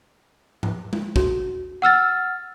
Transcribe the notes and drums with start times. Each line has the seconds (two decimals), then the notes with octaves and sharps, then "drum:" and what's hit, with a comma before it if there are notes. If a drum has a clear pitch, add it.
0.63 drum: tom G#2
0.93 drum: tom G#3
1.16 F#4, drum: kick
1.82 F#5 E6 F6 A6